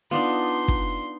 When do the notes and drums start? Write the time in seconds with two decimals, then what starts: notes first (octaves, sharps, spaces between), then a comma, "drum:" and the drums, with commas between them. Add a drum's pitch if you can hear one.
0.11 B3 D4 D#4 F4 D5 C6
0.68 drum: kick